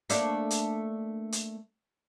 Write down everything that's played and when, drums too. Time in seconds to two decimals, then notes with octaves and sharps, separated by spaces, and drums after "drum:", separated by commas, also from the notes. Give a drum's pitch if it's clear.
0.10 A3 A#3 D4, drum: hi-hat
0.50 drum: hi-hat
1.32 drum: hi-hat